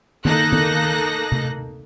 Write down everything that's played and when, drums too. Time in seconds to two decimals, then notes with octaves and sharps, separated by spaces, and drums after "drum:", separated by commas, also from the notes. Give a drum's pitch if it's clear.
0.25 A#3 D#4 A4 F#6 A#6, drum: tom D#3
0.52 drum: tom D#3
1.32 drum: tom C3